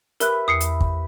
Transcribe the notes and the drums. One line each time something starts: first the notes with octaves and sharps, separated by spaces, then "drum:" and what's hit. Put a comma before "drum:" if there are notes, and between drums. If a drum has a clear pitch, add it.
G4 A#4 B4 E5 F#6, drum: hi-hat
E2 D#6 C7 C#7
drum: hi-hat
drum: kick